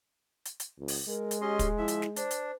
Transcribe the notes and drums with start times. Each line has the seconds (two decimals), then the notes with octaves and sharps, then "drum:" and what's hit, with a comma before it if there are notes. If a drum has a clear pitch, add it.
0.45 drum: hi-hat
0.60 drum: hi-hat
0.79 C#2
0.88 drum: open hi-hat
1.08 G#3 A#4
1.31 drum: hi-hat
1.41 C#4 G4 D#5 C6
1.59 drum: kick, hi-hat
1.78 F3 E4 E5
1.88 drum: hi-hat
2.02 drum: snare
2.16 D4 C5, drum: hi-hat
2.31 drum: hi-hat